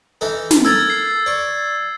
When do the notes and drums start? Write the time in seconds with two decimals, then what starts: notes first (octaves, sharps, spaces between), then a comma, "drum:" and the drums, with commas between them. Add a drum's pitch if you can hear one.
0.21 E3 D#4 A4
0.51 drum: snare
0.65 A4 A#4 E6 G#6 A6
0.90 C7
1.26 D5 C#6